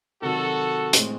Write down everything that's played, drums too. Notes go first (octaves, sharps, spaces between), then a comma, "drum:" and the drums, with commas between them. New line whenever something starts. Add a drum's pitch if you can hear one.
C3 D#3 F#3 F#4 A4
A2 G#3 C4, drum: hi-hat